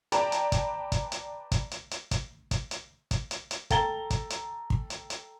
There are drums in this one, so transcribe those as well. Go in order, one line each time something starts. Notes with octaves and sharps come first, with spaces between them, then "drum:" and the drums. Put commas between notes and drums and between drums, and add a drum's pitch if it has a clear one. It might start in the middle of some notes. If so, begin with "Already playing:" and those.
B4 D5 G5 A5 A#5, drum: hi-hat
drum: hi-hat
drum: kick, hi-hat
drum: kick, hi-hat
drum: hi-hat
drum: kick, hi-hat
drum: hi-hat
drum: hi-hat
drum: kick, hi-hat
drum: kick, hi-hat
drum: hi-hat
drum: kick, hi-hat
drum: hi-hat
drum: hi-hat
A4 G5 A#5 A6 G7, drum: kick, hi-hat
drum: kick, hi-hat
drum: hi-hat
drum: kick
drum: hi-hat
drum: hi-hat